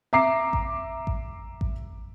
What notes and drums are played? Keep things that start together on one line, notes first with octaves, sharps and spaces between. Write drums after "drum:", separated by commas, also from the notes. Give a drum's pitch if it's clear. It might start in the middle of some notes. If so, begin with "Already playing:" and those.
E5 A#5 D6 C7
drum: kick A1
drum: kick A1
drum: kick A1